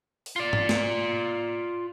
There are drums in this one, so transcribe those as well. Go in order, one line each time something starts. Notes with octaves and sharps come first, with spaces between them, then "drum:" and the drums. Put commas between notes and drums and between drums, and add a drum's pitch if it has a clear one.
drum: open hi-hat
F4 D5
drum: tom G#2
drum: snare